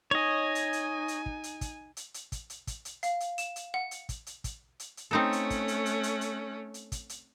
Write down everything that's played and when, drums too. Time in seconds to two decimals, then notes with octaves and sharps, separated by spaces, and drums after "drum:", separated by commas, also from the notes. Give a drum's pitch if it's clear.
0.11 D#4 C#5 D#5 G#5
0.55 drum: hi-hat
0.73 drum: hi-hat
1.08 drum: hi-hat
1.26 drum: kick
1.44 drum: hi-hat
1.61 drum: kick, hi-hat
1.97 drum: hi-hat
2.14 drum: hi-hat
2.32 drum: kick, hi-hat
2.50 drum: hi-hat
2.67 drum: kick, hi-hat
2.85 drum: hi-hat
3.03 F5, drum: hi-hat
3.20 drum: hi-hat
3.38 E7, drum: hi-hat
3.56 drum: hi-hat
3.74 F#5
3.91 drum: hi-hat
4.09 drum: kick, hi-hat
4.26 drum: hi-hat
4.44 drum: kick, hi-hat
4.80 drum: hi-hat
4.97 drum: hi-hat
5.11 A3 C4 C#4 D#4 A4
5.33 drum: hi-hat
5.50 drum: kick, hi-hat
5.68 drum: hi-hat
5.86 drum: hi-hat
6.03 drum: hi-hat
6.21 drum: hi-hat
6.74 drum: hi-hat
6.92 drum: kick, hi-hat
7.09 drum: hi-hat